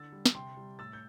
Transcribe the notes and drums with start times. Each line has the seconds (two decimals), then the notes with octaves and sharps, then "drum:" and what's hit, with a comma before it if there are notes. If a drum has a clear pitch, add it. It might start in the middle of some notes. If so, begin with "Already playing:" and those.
Already playing: D3 E6 A6
0.12 G3
0.26 drum: snare
0.35 C3 G5 C6
0.57 G3
0.78 A2 E6 A6
0.93 G6